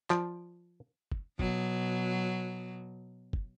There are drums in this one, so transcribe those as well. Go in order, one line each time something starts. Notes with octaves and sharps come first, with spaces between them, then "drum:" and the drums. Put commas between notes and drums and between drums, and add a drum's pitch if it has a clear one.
F3 D5, drum: clap
drum: kick
B2 F#3, drum: kick
drum: kick